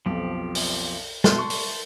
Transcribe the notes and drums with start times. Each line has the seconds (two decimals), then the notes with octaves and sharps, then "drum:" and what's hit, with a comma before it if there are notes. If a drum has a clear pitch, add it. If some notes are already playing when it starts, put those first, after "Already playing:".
0.06 B1 F2 F3 G4
0.55 drum: open hi-hat
1.24 B2 E5 A5 C6, drum: snare
1.38 C#6
1.50 drum: open hi-hat